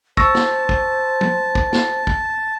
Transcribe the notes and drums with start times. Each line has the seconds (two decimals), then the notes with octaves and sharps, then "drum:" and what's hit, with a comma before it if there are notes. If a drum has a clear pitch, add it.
0.17 C5 A5 C#6 E6 A#6, drum: kick
0.35 drum: snare
0.69 drum: kick
1.21 drum: tom
1.55 drum: kick
1.73 drum: snare
2.07 drum: kick